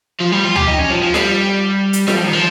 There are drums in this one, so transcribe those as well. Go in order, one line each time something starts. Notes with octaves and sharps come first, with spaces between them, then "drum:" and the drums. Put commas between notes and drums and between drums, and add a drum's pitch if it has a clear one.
F3
G3
F4
G4, drum: tom D2
D#4
C#4
F3
F3
G3, drum: snare F4
drum: hi-hat
G3, drum: snare F4
F3
D#3
F3